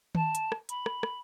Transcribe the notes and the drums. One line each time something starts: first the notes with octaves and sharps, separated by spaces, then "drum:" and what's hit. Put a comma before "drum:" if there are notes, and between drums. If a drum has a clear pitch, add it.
A5, drum: tom D#3
drum: hi-hat
drum: rim click
B5, drum: hi-hat
drum: rim click
drum: rim click